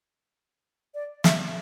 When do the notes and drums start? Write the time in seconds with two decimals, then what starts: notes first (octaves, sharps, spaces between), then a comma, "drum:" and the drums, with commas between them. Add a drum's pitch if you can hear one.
0.94 D5
1.24 E5, drum: snare